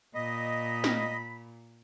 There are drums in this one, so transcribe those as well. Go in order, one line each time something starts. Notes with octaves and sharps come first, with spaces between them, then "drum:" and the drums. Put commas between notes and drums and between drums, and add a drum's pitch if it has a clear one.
A#2 D#5 B5
drum: snare